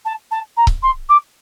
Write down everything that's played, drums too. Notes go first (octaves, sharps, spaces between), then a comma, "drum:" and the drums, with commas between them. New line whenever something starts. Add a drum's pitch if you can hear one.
A5
A5
A#5
drum: kick C#1
C6
D6